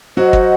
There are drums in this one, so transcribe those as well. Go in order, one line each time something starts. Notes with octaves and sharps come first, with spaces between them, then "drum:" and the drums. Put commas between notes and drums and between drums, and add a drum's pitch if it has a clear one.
F#3 F#4 C5 D#5 F#5
drum: kick